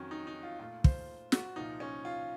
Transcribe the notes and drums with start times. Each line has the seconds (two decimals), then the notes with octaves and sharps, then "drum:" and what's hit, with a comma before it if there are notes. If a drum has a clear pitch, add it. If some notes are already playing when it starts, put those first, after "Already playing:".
Already playing: F2 D#3 F#3 C#4
0.11 D#4
0.27 D#4
0.43 F4
0.60 A#2 A3 F4
0.84 C5, drum: kick
1.32 F#4, drum: snare
1.56 C2 A#2 F3 D#4
1.80 C#4
2.05 F4